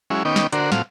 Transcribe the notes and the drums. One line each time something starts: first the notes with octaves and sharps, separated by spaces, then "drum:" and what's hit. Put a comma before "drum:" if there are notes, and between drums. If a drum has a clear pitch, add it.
F#3 G#3 C#4 E4
D#3 B3 C#4 D#4 G5 D6
drum: snare
D3 D4 F#4 A#4 C5, drum: hi-hat
A2 F#3 C4 F4 F5, drum: snare